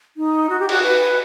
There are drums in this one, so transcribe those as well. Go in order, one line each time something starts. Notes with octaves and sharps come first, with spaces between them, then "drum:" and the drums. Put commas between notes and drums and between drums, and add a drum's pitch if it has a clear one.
D#4
F#4
G4
F#4, drum: cymbal
B4